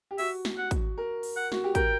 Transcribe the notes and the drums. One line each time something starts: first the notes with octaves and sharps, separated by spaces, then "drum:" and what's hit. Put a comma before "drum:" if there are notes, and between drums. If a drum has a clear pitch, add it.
G4
F#4 E5, drum: open hi-hat
drum: snare
F#5
drum: kick, hi-hat
A#4
drum: open hi-hat
F#5
F#4, drum: snare
G4
A#4 G5, drum: kick, hi-hat